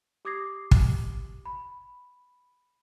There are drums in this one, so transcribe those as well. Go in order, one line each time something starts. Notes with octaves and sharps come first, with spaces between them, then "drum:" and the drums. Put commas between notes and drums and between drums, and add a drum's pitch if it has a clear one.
G4 D6 D#6 G#6 A#6 C7
drum: kick
B5